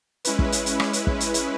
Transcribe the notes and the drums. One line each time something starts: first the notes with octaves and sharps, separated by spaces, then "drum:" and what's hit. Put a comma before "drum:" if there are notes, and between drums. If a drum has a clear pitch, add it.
G#3 C#4 E4 B4, drum: hi-hat
drum: kick
drum: hi-hat
drum: hi-hat
drum: rim click
drum: hi-hat
drum: kick
drum: hi-hat
drum: hi-hat